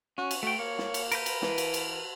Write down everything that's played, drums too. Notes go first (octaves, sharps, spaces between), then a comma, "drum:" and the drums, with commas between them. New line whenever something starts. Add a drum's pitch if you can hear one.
C#4 F#4
drum: cymbal
A3 F#4 G5
A#3 C#5
drum: snare
drum: cymbal
A#4 B4 G6, drum: cymbal
drum: cymbal
E3, drum: snare
drum: cymbal
drum: cymbal